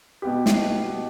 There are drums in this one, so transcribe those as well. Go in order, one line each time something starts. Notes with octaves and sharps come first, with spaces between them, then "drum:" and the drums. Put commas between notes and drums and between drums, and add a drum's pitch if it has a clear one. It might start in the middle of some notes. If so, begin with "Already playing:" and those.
B2 B3 G4
drum: snare